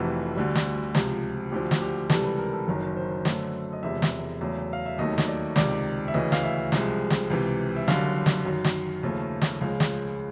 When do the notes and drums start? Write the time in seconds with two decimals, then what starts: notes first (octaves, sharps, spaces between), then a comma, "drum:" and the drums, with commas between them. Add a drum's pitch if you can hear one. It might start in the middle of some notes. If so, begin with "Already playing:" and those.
Already playing: F1 F2 C3 E3 A3 F#4
0.36 D2 D3 G3
0.55 drum: snare
0.95 C#2 C3 F3, drum: snare
1.52 D2 D3 F3 G4
1.71 drum: snare
1.81 G4
2.10 C#2 C3 E3 G3 A4, drum: snare
2.24 B4
2.39 A#4
2.53 A4
2.67 F#1 F#2 D#3 F#3 A#4
2.96 C5
3.25 F#2 D3 F#3 A3, drum: snare
3.73 D#5
3.83 E1 E2 C3 F3 G#3 E5
4.02 drum: snare
4.41 E2 C#3 F#3 A3
4.73 F5
4.86 E5
4.98 D#2 D#3 F#3 A3 D#5
5.18 drum: snare
5.28 D5
5.56 C#2 C3 D#3 D5, drum: snare
6.08 E5
6.14 D2 C#3 E3 D#5
6.32 F5, drum: snare
6.43 E5
6.72 C2 C3 F3 G#3, drum: snare
7.10 drum: snare
7.30 C#2 C3 E3
7.76 E5
7.88 F#1 F#2 D3 G3 F5, drum: snare
8.26 drum: snare
8.45 F#2 D#3 F#3
8.64 drum: snare
9.03 D#2 C#3 F3 A3
9.42 drum: snare
9.61 C#2 C#3 F3 G#3 F5
9.80 drum: snare